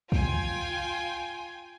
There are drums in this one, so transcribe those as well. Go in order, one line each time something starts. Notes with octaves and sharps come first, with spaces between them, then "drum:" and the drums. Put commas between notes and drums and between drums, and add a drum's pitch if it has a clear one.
F4 G5 G#5, drum: kick